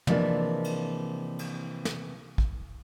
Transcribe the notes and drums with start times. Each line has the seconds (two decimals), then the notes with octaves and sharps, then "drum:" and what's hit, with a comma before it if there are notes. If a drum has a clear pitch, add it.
0.07 C3 E3 F3 G#3 A#3 D4, drum: tom
0.64 drum: cymbal
1.39 drum: cymbal
1.85 drum: snare
2.38 drum: kick A1